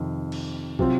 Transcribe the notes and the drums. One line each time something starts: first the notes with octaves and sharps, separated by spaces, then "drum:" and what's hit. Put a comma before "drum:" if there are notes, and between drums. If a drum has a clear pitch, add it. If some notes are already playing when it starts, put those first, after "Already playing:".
Already playing: F2 C3 D#3
drum: cymbal
C3 F#3 C4 F4, drum: kick